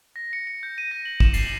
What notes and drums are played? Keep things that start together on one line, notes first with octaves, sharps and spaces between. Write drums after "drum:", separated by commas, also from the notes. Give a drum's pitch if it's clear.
A#6
C#7
C#7
G6
D#7
A#6
F#7
E7, drum: kick
C7, drum: cymbal
F#7